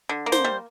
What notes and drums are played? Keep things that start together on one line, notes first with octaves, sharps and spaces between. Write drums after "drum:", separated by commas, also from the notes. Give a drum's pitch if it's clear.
D3
A#3
C5, drum: snare
G3